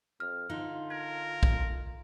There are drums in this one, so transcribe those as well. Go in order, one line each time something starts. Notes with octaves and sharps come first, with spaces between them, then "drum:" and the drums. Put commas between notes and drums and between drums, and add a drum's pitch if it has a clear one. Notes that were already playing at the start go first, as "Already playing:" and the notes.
F2 F6
D3 D#4 F4
A#4 G#6
drum: kick